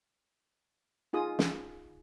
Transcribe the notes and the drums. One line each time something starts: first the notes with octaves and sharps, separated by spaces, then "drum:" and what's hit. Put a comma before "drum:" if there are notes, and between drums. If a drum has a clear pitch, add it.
D#4 F4 G#4 D#6
drum: snare